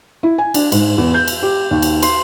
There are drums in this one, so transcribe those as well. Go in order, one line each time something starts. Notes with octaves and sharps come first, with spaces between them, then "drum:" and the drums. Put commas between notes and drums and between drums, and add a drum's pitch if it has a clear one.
E4
G#5
D4, drum: cymbal
G#2, drum: cymbal
E2
G6
drum: cymbal
G4
D#2
drum: cymbal
C6, drum: cymbal